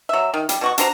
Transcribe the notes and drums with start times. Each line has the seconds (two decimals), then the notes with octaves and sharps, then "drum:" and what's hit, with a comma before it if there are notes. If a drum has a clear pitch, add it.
0.09 F#3 E5
0.34 D#3
0.49 G3, drum: hi-hat
0.61 B2 F#4 C#6
0.78 D4 F#4 C5 A#5, drum: hi-hat